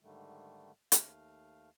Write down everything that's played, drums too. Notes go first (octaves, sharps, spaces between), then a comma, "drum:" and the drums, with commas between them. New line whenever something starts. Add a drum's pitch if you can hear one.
G#2 D3 D#3 G3 A3
D#2 A3 F5, drum: hi-hat